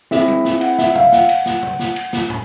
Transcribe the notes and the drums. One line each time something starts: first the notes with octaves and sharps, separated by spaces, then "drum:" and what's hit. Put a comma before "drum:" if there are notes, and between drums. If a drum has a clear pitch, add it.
C4 E4 G#4 E5, drum: snare
drum: tom G3
drum: snare
F#5, drum: cymbal
E5, drum: snare
F5, drum: tom
F#5, drum: snare
drum: cymbal
drum: snare
drum: tom
drum: snare
drum: cymbal
drum: snare
drum: tom